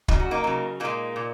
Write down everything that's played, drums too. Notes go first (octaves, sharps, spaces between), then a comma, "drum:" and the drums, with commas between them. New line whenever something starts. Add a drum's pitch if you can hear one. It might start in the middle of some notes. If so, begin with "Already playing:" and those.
C#3 F#3 D#4, drum: kick
F#4
A#3 D#4
C#3 F#3
A#2 G#3 A#3 D#4
A#2